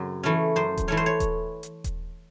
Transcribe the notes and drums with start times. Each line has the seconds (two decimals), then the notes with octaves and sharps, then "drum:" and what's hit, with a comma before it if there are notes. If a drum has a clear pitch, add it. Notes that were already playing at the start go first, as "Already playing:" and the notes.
Already playing: F#2 C#3 F#3 C4
0.23 E3 A3 C#4
0.56 F#2 C5
0.77 drum: kick D#1, hi-hat
0.88 E3 A3 C#4 C#5
0.97 C5
1.06 C#5
1.20 drum: kick D#1, hi-hat
1.63 drum: hi-hat
1.84 drum: kick D#1, hi-hat